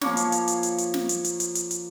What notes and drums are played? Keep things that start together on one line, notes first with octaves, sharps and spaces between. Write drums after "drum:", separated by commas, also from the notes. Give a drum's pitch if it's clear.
F3 A#3 C#5, drum: snare
drum: hi-hat
drum: hi-hat
drum: hi-hat
drum: hi-hat
drum: hi-hat
drum: snare
drum: hi-hat
drum: hi-hat
drum: hi-hat
drum: hi-hat
drum: hi-hat